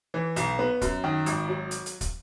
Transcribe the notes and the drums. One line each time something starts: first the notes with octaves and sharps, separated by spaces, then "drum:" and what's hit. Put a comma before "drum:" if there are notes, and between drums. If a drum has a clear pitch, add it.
E3
B1, drum: hi-hat
B3
F#2, drum: kick, hi-hat
D#3
G#1, drum: hi-hat
F#3
drum: hi-hat
drum: hi-hat
drum: kick, hi-hat